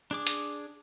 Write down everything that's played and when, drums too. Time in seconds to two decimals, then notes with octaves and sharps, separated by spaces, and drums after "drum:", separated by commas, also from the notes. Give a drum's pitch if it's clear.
0.11 D4 G#4 D6
0.27 drum: hi-hat